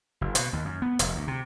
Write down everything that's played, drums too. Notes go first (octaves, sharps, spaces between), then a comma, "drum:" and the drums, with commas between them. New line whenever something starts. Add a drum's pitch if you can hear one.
F#1
B2, drum: hi-hat
D#2
F#2
B3
F1, drum: hi-hat
D2
C3